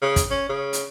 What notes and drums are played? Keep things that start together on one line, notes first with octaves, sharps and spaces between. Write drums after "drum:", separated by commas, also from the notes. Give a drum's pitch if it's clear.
C#3
drum: kick, hi-hat
C#4
C#3
drum: hi-hat